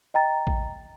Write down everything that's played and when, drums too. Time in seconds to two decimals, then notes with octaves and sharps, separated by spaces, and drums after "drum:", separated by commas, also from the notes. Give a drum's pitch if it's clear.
0.14 D#5 G5 A#5 A6
0.47 drum: kick A#1